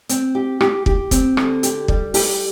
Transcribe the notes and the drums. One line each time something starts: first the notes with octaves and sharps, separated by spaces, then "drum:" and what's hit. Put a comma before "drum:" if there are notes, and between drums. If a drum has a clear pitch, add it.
C4, drum: hi-hat
G4
G4, drum: rim click
G4, drum: kick
C4, drum: kick, hi-hat
D3, drum: rim click
G4, drum: hi-hat
G3, drum: kick
G4, drum: open hi-hat